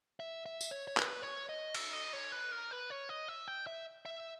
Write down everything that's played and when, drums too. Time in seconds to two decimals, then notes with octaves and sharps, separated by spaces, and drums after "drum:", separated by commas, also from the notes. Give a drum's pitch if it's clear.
0.20 E5
0.46 E5
0.61 drum: tambourine
0.71 C#5
0.88 C#5
0.97 B4, drum: clap
1.22 C#5
1.49 D#5
1.74 E5, drum: cymbal
1.93 D#5
2.13 C#5
2.32 B4
2.52 A#4
2.71 B4
2.90 C#5
3.09 D#5
3.28 E5
3.48 G5
3.67 E5
4.05 E5